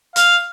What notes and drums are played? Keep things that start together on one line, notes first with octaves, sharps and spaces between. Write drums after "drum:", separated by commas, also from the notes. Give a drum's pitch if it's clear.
F5, drum: hi-hat